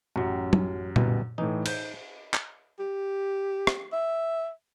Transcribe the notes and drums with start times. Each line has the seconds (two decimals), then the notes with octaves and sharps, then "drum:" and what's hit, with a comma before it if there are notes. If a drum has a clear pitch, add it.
0.16 A1 F#2 F#3 G4
0.53 drum: tom F#3
0.96 G1 C2 B2, drum: tom A#2
1.38 A2 E3 D#4
1.66 G6, drum: cymbal
2.34 drum: clap
2.79 G4
3.67 drum: rim click
3.92 E5